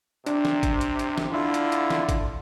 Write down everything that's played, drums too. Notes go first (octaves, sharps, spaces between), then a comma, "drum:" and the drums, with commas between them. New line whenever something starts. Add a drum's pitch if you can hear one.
C3 D4, drum: hi-hat
drum: snare
drum: kick, hi-hat
drum: hi-hat
drum: hi-hat
drum: snare
D3 D4 E4 F4 E5
drum: hi-hat
drum: hi-hat
drum: snare
drum: kick, hi-hat